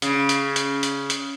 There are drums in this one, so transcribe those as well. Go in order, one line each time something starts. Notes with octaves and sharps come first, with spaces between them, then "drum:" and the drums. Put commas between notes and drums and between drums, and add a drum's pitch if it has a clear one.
C#3, drum: hi-hat
drum: hi-hat
drum: hi-hat
drum: hi-hat
drum: hi-hat